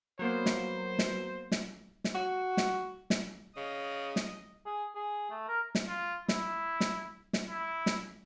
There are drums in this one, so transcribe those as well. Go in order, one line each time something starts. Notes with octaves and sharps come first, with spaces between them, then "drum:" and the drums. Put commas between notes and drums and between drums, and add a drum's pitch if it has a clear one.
F#3 A#3 B3 C5
drum: snare
drum: snare
drum: snare
drum: snare
F#4
drum: snare
drum: snare
C#3 D#5
drum: snare
G#4
G#4
A3
A#4
drum: snare
F4
E4, drum: snare
drum: snare
drum: snare
E4
drum: snare